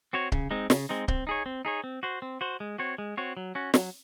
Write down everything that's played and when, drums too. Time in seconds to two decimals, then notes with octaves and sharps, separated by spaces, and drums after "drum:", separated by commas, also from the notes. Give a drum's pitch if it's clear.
0.13 C4 F#4 C#5
0.32 C#3, drum: kick C#1
0.51 G#3 C4 D#4
0.70 C#3, drum: snare
0.89 G#3 C4 D#4
1.08 C4, drum: kick C#1
1.27 D#4 G#4 C#5
1.46 C4
1.65 D#4 G#4 C#5
1.84 C4
2.03 F#4 C5
2.22 C4
2.41 F#4 C5
2.60 G#3
2.78 C4 F#4 C#5
2.98 G#3
3.17 C4 F#4 C#5
3.37 F#3
3.55 C#4 F#4
3.74 F#3, drum: snare